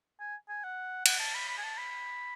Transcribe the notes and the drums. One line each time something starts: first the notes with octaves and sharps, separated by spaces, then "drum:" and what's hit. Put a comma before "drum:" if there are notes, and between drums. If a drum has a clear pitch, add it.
G#5
G#5
F#5
F#5, drum: cymbal
A5
B5
B5
G#5
A5
B5